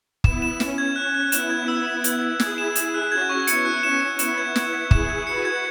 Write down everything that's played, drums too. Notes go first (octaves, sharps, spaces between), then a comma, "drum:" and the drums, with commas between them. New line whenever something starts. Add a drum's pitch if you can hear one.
B3 E4 E7, drum: kick
E7
C#4 E7, drum: snare
G#6
C#4 F#6
F#6
B3 E4 E7, drum: hi-hat
G#6
E6
E7
G#6, drum: hi-hat
G#6
E4 G#4 G#6, drum: snare
E7
E7, drum: hi-hat
F#6
C#4 F#4 G#6
C#6
B3 E4 C#7, drum: hi-hat
F#6
C#4 E7
E7
B3 E4 E7, drum: hi-hat
G#6
G#6, drum: snare
G#6
E4 G#4 E7, drum: kick
G#6
F#4 B4 C#7
G#6